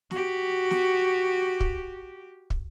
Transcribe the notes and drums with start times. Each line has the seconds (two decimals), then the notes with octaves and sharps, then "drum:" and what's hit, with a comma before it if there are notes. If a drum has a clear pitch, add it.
0.11 F#4 G4, drum: snare
0.71 drum: snare
1.60 drum: kick
2.50 drum: kick